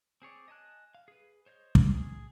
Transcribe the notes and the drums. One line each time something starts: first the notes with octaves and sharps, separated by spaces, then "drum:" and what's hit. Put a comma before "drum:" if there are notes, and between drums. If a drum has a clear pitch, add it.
C4 G#4 C#5 D5
D#5 G#5 A5 F#6
F5
G#4 B4
C5 C#5 D#5 G6
drum: kick
G#4